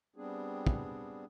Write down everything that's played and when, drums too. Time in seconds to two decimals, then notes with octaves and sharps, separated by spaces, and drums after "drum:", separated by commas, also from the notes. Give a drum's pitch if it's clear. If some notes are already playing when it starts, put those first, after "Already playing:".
0.16 G3 B3 C4 D4 G#4
0.67 drum: kick